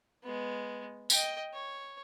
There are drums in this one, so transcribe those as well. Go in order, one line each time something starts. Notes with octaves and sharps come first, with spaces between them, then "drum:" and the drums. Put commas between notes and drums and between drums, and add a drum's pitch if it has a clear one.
G#3 B3
D#5 G5, drum: tambourine
C#5